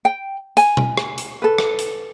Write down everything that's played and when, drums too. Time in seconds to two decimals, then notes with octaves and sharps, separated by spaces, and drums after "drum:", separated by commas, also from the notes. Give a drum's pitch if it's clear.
0.05 G5
0.57 G#5, drum: hi-hat
0.77 drum: tom B2
0.97 drum: rim click
1.18 drum: hi-hat
1.42 A4 B4
1.58 drum: rim click
1.79 drum: hi-hat